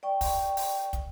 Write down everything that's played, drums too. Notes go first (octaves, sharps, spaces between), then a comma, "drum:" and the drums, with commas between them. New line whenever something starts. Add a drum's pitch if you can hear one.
D5 G5 C#6
drum: kick, open hi-hat
drum: open hi-hat
drum: kick, hi-hat